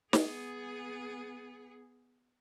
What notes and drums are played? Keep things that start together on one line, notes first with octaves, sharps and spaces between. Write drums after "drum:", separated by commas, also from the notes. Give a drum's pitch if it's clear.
B3 G#4, drum: snare